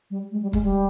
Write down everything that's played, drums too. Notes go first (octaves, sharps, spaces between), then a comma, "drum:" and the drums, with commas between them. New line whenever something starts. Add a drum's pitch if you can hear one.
G3
G#3
G3
G#3, drum: kick
G3